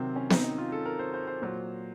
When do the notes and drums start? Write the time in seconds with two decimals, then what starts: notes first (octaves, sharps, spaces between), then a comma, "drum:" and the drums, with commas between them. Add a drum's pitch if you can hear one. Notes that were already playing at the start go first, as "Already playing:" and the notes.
Already playing: C3 D#3 F#3 C4
0.16 C#4
0.30 D#4, drum: snare B3
0.44 D#4
0.58 F4
0.72 A4
0.85 A#4
0.99 C5
1.14 C5
1.27 C5
1.42 A#2 F#3